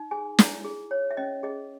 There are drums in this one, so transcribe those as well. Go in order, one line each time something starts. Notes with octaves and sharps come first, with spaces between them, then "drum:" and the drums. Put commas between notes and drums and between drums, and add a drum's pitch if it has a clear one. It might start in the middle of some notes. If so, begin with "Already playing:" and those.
Already playing: D#4
G#4 G#5
E4, drum: snare
G#4
C#5
E5
C#4 D#5
G#4 D#5